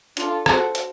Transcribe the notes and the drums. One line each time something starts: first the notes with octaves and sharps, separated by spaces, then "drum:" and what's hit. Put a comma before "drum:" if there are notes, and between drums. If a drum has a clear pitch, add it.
D4 F4 A4, drum: hi-hat
F#4 A4 C5, drum: rim click
drum: hi-hat